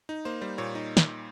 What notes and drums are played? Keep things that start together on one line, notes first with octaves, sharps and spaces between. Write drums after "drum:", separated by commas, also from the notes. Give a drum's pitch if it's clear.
D#4
A#3 C5
G3 C5
A#2 C#5
D#4
drum: snare